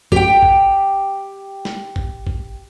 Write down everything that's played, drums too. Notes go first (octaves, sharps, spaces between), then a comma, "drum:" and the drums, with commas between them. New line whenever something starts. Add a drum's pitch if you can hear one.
G4 G5, drum: kick G#1
drum: kick G#1
drum: snare
drum: kick G#1
drum: kick G#1